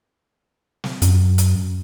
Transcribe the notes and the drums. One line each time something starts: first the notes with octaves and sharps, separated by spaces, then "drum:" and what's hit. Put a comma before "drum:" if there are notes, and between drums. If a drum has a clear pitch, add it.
drum: snare
F#2, drum: hi-hat
drum: hi-hat